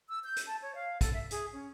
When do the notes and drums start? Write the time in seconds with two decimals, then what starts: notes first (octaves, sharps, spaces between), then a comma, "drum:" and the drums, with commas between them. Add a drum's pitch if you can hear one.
0.09 E6
0.24 G6
0.36 drum: hi-hat
0.47 A5
0.61 C#5
0.75 F5
1.01 A4, drum: kick, hi-hat
1.13 E5
1.31 G#4, drum: hi-hat
1.53 C#4